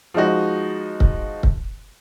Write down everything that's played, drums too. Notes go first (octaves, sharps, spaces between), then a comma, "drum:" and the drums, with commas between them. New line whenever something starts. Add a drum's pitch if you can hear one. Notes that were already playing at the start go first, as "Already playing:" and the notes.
F3 G#3 D#4 F#4
drum: kick C#1
drum: kick C#1